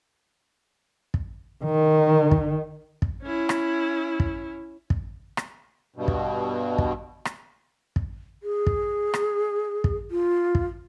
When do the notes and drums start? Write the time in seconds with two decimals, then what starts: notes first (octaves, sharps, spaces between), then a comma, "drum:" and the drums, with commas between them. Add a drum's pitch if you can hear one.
1.14 drum: kick
1.64 D#3
2.31 drum: kick
3.02 drum: kick
3.23 C#4 E4
3.49 drum: rim click
4.20 drum: kick
4.90 drum: kick
5.37 drum: rim click
5.96 G2 B2
6.08 drum: kick
6.78 drum: kick
7.25 drum: rim click
7.96 drum: kick
8.43 G#4
8.67 drum: kick
9.14 drum: rim click
9.84 drum: kick
10.11 F4
10.55 drum: kick